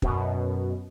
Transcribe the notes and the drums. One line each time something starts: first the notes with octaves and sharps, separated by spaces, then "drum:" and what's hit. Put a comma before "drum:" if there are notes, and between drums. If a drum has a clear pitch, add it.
F#2 B2, drum: kick